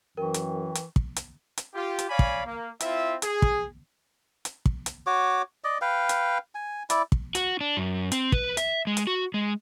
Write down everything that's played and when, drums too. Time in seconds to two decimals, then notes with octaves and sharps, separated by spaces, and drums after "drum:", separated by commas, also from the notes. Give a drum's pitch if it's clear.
0.17 F#2 E3 A#4 G5 C#6
0.34 drum: hi-hat
0.75 drum: hi-hat
0.96 drum: kick
1.16 drum: hi-hat
1.58 drum: hi-hat
1.75 F4 G4
1.99 drum: hi-hat
2.08 C#5 D5 F5 G#5 B5
2.19 drum: kick
2.45 A#3
2.80 C4 E4 F4 E5, drum: hi-hat
3.22 G#4, drum: hi-hat
3.42 drum: kick
4.45 drum: hi-hat
4.66 drum: kick
4.86 drum: hi-hat
5.07 F#4 C#5 D6
5.64 D5 D#5
5.81 B4 F5 G5
6.09 drum: hi-hat
6.55 G#5
6.90 E4 D5, drum: hi-hat
7.12 drum: kick
7.35 F#4, drum: hi-hat
7.61 D4
7.77 F#2
8.12 C4, drum: hi-hat
8.32 B4, drum: kick
8.57 E5, drum: hi-hat
8.87 G#3
8.97 drum: hi-hat
9.07 F#4
9.34 G#3